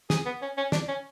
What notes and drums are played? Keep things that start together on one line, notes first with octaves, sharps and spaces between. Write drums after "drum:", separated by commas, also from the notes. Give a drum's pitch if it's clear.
G#4, drum: snare
B3
C#4
C#4
D4, drum: snare
C#4